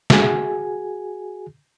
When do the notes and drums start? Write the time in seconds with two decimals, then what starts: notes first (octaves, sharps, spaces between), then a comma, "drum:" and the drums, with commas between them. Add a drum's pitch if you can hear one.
0.10 F#4 G#4 G#5, drum: snare